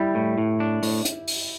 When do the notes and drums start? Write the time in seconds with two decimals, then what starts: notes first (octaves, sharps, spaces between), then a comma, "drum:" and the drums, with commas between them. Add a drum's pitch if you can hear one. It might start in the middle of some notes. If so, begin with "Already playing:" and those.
Already playing: G3 E4 G4
0.15 A2
0.38 A2
0.60 D4
0.83 A2, drum: open hi-hat
1.05 drum: hi-hat
1.27 drum: open hi-hat